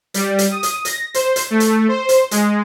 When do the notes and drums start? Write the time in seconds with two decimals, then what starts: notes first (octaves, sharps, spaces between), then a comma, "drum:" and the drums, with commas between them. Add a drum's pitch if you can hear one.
0.14 G3, drum: hi-hat
0.39 drum: hi-hat
0.51 D#6
0.63 drum: hi-hat
0.85 A#6, drum: hi-hat
1.14 C5, drum: hi-hat
1.36 drum: hi-hat
1.50 A3
1.60 drum: hi-hat
1.88 C5
2.09 drum: hi-hat
2.31 G#3, drum: hi-hat